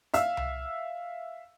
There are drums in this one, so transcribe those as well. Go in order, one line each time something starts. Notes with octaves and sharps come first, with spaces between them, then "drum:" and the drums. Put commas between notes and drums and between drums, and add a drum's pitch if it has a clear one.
E5 F5 E6, drum: hi-hat
drum: tom C2